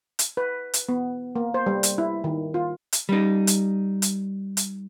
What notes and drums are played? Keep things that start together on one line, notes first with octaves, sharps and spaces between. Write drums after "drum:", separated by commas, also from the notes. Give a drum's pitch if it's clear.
drum: hi-hat
B4
drum: hi-hat
B3
A#3
C5
G3
drum: hi-hat
E4
D#3
F4
drum: hi-hat
G3 D#4
drum: hi-hat
drum: hi-hat
drum: hi-hat